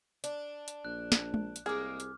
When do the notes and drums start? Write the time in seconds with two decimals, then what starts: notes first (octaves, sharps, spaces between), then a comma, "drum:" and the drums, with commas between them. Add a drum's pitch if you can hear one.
0.24 D4, drum: hi-hat
0.68 drum: hi-hat
0.85 A#1 F#6
1.12 drum: snare
1.34 drum: tom G#3
1.56 drum: hi-hat
1.66 C2 G#3 A#3 G#4 D6 F6
2.00 drum: hi-hat